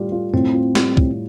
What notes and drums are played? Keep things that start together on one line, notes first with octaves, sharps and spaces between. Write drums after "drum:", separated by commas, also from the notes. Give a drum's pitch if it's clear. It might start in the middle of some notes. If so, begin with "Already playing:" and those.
Already playing: A2 G3 F4
F4
A2 C4
F4
G3, drum: snare
A2, drum: kick